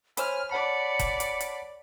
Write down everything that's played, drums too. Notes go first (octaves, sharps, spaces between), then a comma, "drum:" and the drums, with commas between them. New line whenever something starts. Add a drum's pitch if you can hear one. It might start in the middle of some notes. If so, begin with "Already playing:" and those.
C5 C#5 G#5 B5 F6, drum: hi-hat
C#5 D5 F#5 A5 B5 C#7
drum: kick F1, hi-hat
drum: hi-hat
drum: hi-hat